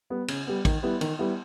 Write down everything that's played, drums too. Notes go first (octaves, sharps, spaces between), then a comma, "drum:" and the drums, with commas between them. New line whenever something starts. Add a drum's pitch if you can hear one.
G3 B3
C#3, drum: cymbal
G3 B3
D#3, drum: kick, cymbal
G3 B3 E4
D#3, drum: cymbal
G3 B3 E4